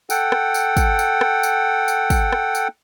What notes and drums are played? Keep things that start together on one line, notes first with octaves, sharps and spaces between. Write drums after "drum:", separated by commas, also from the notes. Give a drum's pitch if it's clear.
A4 F#5 G5, drum: tambourine
drum: rim click
drum: tambourine
drum: kick, tambourine
drum: tambourine
drum: rim click
drum: tambourine
drum: tambourine
drum: kick, tambourine
drum: rim click
drum: tambourine